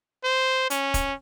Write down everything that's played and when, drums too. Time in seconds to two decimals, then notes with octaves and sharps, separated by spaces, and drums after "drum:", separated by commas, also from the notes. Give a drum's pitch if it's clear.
0.24 C5
0.70 C#4, drum: hi-hat
0.94 drum: kick, hi-hat